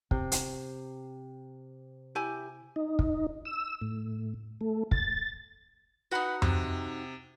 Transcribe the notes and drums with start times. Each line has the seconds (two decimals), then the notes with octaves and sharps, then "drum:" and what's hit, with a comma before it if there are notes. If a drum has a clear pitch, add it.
0.11 C3, drum: kick
0.32 drum: hi-hat
2.15 E4 G4 G#5
2.76 D#4
2.99 drum: kick
3.45 E6
3.81 A2
4.61 A3
4.91 A6, drum: kick
6.12 D#4 F#4 B4 F#5 B5
6.42 C3, drum: tom F2